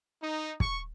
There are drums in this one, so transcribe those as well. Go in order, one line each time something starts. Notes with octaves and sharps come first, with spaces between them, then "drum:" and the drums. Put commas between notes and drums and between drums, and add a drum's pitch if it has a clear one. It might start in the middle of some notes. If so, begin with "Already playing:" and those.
D#4
C#6, drum: kick